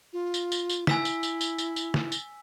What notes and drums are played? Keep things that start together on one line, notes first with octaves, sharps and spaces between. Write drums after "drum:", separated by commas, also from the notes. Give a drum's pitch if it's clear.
F4
drum: tambourine
drum: tambourine
drum: tambourine
E4 G#5 E6 B6, drum: snare
drum: tambourine
drum: tambourine
drum: tambourine
drum: tambourine
drum: tambourine
drum: snare
drum: tambourine